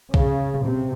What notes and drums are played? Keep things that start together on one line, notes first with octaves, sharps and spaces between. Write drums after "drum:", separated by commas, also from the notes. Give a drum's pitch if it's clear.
C#3, drum: kick C2
C3